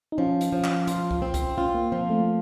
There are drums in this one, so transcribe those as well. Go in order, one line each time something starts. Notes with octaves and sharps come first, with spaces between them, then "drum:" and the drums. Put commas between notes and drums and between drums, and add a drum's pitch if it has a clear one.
D#4
F3 C#4
drum: hi-hat
F3 C#4
drum: clap
F4, drum: hi-hat
drum: kick C2
C4
drum: kick C2, hi-hat
C#4 F4
A#3
F3 C4
A3